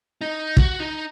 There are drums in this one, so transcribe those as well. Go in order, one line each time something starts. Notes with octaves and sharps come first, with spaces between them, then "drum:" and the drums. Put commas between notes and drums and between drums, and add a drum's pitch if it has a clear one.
D#4
F#4, drum: kick
D#4